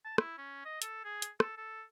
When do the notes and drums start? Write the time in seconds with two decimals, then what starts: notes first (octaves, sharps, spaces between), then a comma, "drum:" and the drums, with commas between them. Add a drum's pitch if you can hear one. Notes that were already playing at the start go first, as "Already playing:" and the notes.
0.05 A5
0.18 E4, drum: rim click
0.38 C#4
0.65 D#5
0.82 A4, drum: hi-hat
1.04 G#4
1.22 drum: hi-hat
1.40 A4, drum: rim click
1.57 A4